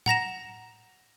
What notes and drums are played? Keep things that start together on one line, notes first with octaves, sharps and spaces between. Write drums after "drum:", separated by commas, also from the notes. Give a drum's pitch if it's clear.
F#5 A#5 A#6 E7, drum: tom A2